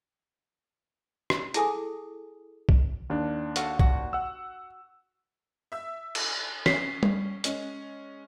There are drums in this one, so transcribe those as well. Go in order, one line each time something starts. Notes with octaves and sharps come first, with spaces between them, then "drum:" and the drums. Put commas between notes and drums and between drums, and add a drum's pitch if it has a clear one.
drum: rim click
E4 G#4 A4 G#5 D6 D#6, drum: hi-hat
drum: kick
D#2 D4
F#4 A4 F5, drum: hi-hat
F#4, drum: kick
F#5 E6
E5 E6
drum: cymbal
C#4 B6 C7, drum: snare
drum: tom
G#3 C#4, drum: hi-hat